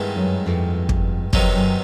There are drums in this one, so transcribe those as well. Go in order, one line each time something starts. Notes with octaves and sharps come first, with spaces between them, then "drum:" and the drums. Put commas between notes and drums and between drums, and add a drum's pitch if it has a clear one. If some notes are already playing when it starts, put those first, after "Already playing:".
Already playing: G2 D#3 G#3 B3 E4
F#2
F2
drum: kick
F2 C3 D#3 F#3 B3 D#4, drum: kick
F#2